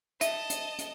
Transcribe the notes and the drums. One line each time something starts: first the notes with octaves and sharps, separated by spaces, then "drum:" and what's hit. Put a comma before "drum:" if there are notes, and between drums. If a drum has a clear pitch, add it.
D#5 E5 A5, drum: hi-hat
drum: hi-hat
drum: hi-hat